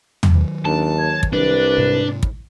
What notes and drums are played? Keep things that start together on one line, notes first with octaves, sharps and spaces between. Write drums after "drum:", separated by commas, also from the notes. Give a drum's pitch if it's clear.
drum: tom
D#3 F#3
D#2 D4 A5
C#5
drum: kick
C2 D4 B4
G#2 C3
drum: kick